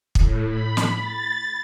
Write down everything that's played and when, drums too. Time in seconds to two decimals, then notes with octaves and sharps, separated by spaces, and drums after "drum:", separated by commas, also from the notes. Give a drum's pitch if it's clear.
0.15 A2, drum: kick
0.47 B5
0.77 drum: snare
0.98 A6